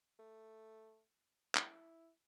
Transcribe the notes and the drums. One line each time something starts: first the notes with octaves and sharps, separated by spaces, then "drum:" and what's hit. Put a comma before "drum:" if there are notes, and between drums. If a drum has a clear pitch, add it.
A3
E4, drum: clap